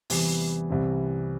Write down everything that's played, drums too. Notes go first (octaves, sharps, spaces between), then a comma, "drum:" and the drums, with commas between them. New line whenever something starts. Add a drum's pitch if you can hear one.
E2 C3 E3 G3 B3, drum: open hi-hat
C2 C3 E3 G3 C4